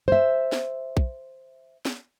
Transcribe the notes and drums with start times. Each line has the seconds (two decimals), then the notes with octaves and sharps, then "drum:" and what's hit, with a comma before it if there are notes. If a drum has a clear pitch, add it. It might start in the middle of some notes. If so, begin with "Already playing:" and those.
0.08 C5 E5
0.52 drum: snare
0.97 drum: kick
1.85 drum: snare